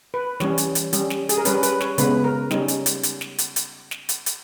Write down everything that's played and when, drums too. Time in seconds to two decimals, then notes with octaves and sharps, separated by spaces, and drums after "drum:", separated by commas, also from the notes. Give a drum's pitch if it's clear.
0.14 B4
0.40 E3 G3 C#4 C#5, drum: snare
0.58 drum: hi-hat
0.75 drum: hi-hat
0.93 G3 C#4, drum: hi-hat
1.10 drum: snare
1.29 G#4, drum: hi-hat
1.37 A#4
1.45 G3 C#4 B4, drum: hi-hat
1.63 B4, drum: hi-hat
1.81 C#5, drum: snare
1.98 C#3 G#3 B3 B4, drum: hi-hat
2.24 A#4
2.51 G3 C#4 D#4, drum: snare
2.68 drum: hi-hat
2.86 drum: hi-hat
3.03 drum: hi-hat
3.21 drum: snare
3.38 drum: hi-hat
3.56 drum: hi-hat
3.91 drum: snare
4.09 drum: hi-hat
4.26 drum: hi-hat